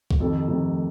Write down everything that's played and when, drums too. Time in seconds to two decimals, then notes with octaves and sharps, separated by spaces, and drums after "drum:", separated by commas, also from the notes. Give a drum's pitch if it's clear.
0.11 drum: kick B1
0.20 F2 C3 D#3 A4
0.48 F2 C3 D#3